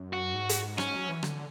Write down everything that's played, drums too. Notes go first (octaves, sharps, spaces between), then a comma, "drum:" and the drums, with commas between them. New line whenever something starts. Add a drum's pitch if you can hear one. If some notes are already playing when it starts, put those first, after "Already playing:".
Already playing: F#2
F#4
G#2
drum: hi-hat
C#4, drum: rim click
F#3
E3
D3, drum: rim click